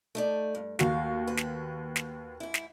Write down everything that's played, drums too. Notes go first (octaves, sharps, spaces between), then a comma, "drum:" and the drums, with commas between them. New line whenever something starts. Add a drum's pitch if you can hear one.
A3 D#4 D5
G2
D#2 F#4 F5, drum: snare
B4
drum: snare
drum: snare
G#2 E4
drum: snare